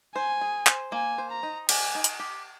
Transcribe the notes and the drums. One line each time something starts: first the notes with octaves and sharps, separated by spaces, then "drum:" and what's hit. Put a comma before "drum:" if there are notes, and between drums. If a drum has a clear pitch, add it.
C5 G#5
G#4
C5, drum: clap
A#3 G#5
C5
A#5
D#4
G4 G#5, drum: cymbal
D#4
drum: hi-hat
G4